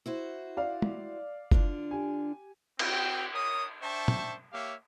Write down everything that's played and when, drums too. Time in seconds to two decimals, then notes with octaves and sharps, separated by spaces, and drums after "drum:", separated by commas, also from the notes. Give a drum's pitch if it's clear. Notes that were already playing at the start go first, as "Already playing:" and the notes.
0.06 E4 F#4 C5
0.57 D5 F5
0.82 drum: tom
1.51 D3 D4 F4, drum: kick F#1
1.91 G4 G#5
2.79 C4 F#4 G5, drum: cymbal
3.34 A#4 C#5 D#6
3.82 D4 C5 E5 G5 A5 C#6
4.08 drum: tom
4.52 A#3 G4 C#5 E5 F5